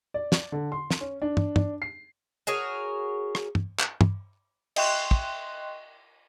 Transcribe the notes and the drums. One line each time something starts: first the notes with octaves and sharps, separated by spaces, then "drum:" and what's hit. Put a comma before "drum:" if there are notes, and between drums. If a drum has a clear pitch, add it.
D5
drum: snare
D3
C6
drum: snare
C#4
D4
drum: tom
D4, drum: tom
C7
F#4 G#4 A#4 C#5
drum: rim click
drum: tom
drum: clap
drum: tom
D#5 E5 G5 C6 C#6 F#6, drum: cymbal
drum: kick